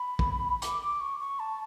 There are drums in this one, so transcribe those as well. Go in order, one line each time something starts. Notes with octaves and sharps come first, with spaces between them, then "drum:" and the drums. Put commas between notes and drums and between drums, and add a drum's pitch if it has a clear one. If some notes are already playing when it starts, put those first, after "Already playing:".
Already playing: B5
drum: kick
D6, drum: hi-hat
D6
C#6
C#6
A5